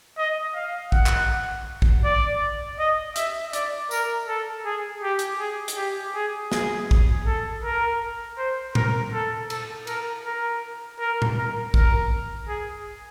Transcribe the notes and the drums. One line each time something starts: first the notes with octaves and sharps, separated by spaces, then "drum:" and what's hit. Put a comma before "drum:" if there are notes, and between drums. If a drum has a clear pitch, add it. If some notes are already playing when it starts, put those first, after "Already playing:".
D#5
F5
F#5, drum: kick A#1
drum: clap
drum: kick A#1
D5
D#5
E5, drum: hi-hat
D5, drum: hi-hat
A#4, drum: tambourine
A4
G#4
G4
drum: hi-hat
G#4
drum: hi-hat
G4
G#4
G#4, drum: snare
drum: kick A#1
A4
A#4
C5
A#4, drum: tom A#2
A4
A4, drum: cymbal
A#4, drum: cymbal
A#4
A#4
drum: tom A#2
A#4
A#4, drum: kick A#1
G#4